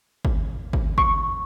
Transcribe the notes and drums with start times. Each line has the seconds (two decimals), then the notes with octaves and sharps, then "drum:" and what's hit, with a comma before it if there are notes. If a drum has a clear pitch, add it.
0.25 drum: kick
0.73 drum: kick
0.98 C#6, drum: kick